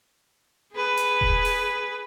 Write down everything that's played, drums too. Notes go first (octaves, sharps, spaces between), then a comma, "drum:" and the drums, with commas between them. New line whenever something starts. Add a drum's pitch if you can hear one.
G#4 B4
drum: hi-hat
drum: kick E1
drum: open hi-hat